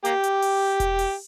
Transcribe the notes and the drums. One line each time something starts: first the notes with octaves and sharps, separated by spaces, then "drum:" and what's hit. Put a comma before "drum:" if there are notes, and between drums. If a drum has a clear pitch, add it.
A#3 G4, drum: hi-hat
drum: hi-hat
drum: open hi-hat
drum: kick E1, hi-hat
drum: open hi-hat